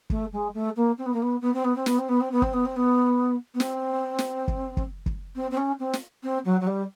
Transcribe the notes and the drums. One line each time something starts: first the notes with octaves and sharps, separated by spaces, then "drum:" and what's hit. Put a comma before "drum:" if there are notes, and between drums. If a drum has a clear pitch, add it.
A3, drum: kick
G#3
A3
A#3
C4
B3
A#3
B3
B3
C4
B3
C4
B3, drum: snare
C4
B3
C4
B3
C4, drum: kick
B3
C4
B3
B3
C4, drum: snare
drum: snare
drum: kick
drum: kick
drum: kick
C4
C4
C#4
C4
drum: snare
C4
F#3
F#3
G3